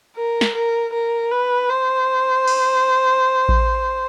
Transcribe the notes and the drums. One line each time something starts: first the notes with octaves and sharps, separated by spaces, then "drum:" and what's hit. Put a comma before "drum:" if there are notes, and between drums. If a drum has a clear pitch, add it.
A#4
drum: snare
A#4
A#4
B4
C5
drum: cymbal
drum: kick A1